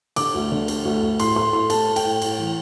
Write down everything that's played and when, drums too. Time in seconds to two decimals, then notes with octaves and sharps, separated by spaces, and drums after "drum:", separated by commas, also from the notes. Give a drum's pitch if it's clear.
0.16 D3 D6, drum: cymbal
0.35 D2
0.52 D3
0.68 A3, drum: cymbal
0.85 D2
1.02 D2
1.20 A2 C6, drum: cymbal
1.36 A3 C6
1.53 A2 C6
1.70 A3 A5, drum: cymbal
1.88 A3
1.96 G5, drum: cymbal
2.04 A2
2.22 A2, drum: cymbal
2.38 E3